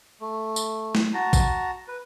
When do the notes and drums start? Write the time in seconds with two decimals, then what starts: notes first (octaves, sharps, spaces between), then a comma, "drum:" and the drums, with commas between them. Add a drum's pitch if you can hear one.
0.21 A3
0.56 drum: tambourine
0.95 drum: snare
1.14 F#4 A5 A#5
1.33 drum: kick, tambourine
1.88 B4